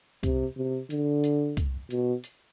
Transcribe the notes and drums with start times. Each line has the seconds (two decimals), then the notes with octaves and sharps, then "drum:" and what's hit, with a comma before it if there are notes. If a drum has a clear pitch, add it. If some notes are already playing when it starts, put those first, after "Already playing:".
0.23 C3, drum: kick C2, hi-hat
0.57 C3
0.90 D3, drum: hi-hat
1.24 drum: hi-hat
1.57 drum: kick C2, hi-hat
1.90 B2, drum: hi-hat
2.24 drum: hi-hat